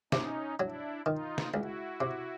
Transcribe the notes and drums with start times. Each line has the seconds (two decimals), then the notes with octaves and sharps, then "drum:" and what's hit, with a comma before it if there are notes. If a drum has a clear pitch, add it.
0.12 C3 C#4 D#4, drum: snare
0.59 F#3 D4 E4
1.06 D#3 D#4 F4
1.38 drum: snare
1.53 C#2 E4 F#4
2.01 C3